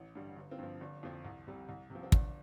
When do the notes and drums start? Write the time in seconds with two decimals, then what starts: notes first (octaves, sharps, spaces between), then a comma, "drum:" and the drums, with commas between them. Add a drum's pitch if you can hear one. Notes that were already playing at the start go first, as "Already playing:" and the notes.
Already playing: A1
0.15 G2 D3 G3
0.36 G1
0.51 C4 F4
0.58 G2 F3
0.80 G1 D4
1.03 F2 F3
1.25 C2
1.47 C3 G3
1.69 C2
1.90 C3 F3
2.03 C4
2.12 G1 D4, drum: kick